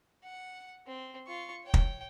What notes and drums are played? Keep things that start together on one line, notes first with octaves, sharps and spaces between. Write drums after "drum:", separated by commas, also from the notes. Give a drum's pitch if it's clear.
F#5
C4
F4 C#6
C#5 G5
drum: kick